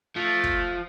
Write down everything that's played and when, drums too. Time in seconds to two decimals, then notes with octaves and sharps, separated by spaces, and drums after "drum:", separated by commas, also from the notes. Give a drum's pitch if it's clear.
0.16 F3 A3
0.44 drum: kick